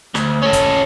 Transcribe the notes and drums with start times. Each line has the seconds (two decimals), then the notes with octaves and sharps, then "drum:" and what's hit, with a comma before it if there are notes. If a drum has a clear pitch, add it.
0.15 D2, drum: snare
0.42 C#4 A4
0.53 drum: kick, hi-hat